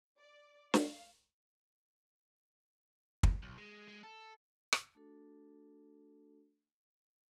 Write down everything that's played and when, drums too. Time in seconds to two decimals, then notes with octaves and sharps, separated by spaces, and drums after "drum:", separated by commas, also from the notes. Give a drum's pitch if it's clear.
0.18 D5
0.74 F5, drum: snare
3.23 drum: kick
3.43 B1
3.58 G#3
3.88 G#3
4.03 A4
4.73 drum: rim click
4.95 A3 D4 F#4 A4